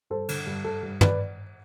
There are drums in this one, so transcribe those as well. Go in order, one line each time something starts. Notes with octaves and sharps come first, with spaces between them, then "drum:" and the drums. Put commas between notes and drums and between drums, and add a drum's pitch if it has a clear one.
G2 A4 C5
D3, drum: cymbal
G2
G2 A4
G2
B4 D5, drum: tom